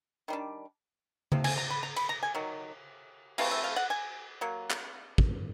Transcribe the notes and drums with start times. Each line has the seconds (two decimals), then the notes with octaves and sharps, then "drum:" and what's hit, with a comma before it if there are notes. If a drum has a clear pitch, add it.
0.28 D#3 G3 D4
1.32 C3 F3, drum: tom C#3
1.44 G#5, drum: cymbal
1.58 A#5
1.70 B5
1.83 A#5
1.96 B5, drum: cymbal
2.09 A#5
2.23 G#5
2.35 D#3 F#3
3.38 C3 E3 A3 F5, drum: cymbal
3.51 E5
3.64 F5
3.76 F#5
3.90 G#5
4.41 F#3 A#3
4.70 drum: clap
5.18 drum: kick